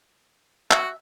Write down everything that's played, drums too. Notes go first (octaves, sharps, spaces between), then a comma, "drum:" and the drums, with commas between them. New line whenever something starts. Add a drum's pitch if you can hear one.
F#4 E5, drum: clap